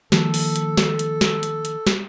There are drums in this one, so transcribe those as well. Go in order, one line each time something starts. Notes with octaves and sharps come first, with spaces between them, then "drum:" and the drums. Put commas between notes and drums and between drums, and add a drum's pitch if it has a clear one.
D#3 F3 A#3 A4, drum: snare
drum: open hi-hat
drum: hi-hat
drum: snare
drum: hi-hat
drum: snare
drum: hi-hat
drum: hi-hat
drum: snare